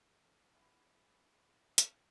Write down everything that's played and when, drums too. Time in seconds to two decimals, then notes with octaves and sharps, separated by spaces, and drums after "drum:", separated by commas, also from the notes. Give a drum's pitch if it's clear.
0.23 A4 F5
0.54 B3 E4 G#4 C#5
1.78 drum: hi-hat